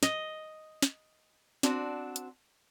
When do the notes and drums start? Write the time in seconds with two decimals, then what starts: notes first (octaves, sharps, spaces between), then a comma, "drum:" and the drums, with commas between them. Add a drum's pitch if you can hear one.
0.03 D#5, drum: snare
0.82 drum: snare
1.63 C4 D4 F#4, drum: snare
2.16 drum: hi-hat